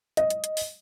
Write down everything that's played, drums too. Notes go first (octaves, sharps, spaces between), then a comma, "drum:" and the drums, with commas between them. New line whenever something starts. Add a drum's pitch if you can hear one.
D#5, drum: hi-hat
drum: hi-hat
drum: hi-hat
drum: open hi-hat